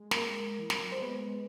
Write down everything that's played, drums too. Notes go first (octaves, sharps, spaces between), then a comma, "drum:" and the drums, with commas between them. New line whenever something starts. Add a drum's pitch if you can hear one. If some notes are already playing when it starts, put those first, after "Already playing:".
Already playing: G#3
A#3 A#4, drum: snare
E3
F3, drum: snare
F#3
G3 C5
G#3 B3 B4